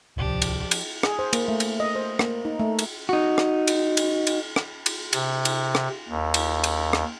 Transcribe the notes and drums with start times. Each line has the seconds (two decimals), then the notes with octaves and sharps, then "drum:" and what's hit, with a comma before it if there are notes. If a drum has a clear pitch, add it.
0.17 D1 C2 F3 D4 G4
0.42 drum: cymbal
0.71 drum: cymbal
1.03 G#4, drum: rim click
1.19 C5
1.33 A#3, drum: cymbal
1.48 A3
1.60 drum: cymbal
1.80 D#5
1.95 C5
2.19 A#3, drum: rim click
2.45 D#4
2.60 A3
2.79 drum: cymbal
3.09 D#4 F#4
3.38 drum: rim click
3.67 drum: cymbal
3.97 drum: cymbal
4.27 drum: cymbal
4.56 drum: rim click
4.86 drum: cymbal
5.13 C3, drum: cymbal
5.45 drum: cymbal
5.75 drum: rim click
6.09 D#2
6.34 drum: cymbal
6.64 drum: cymbal
6.93 drum: rim click